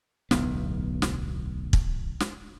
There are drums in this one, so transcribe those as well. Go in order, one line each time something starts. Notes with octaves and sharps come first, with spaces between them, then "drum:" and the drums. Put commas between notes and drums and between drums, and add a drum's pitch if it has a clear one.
D1 B1 E2 B3, drum: snare
drum: snare
drum: kick
drum: snare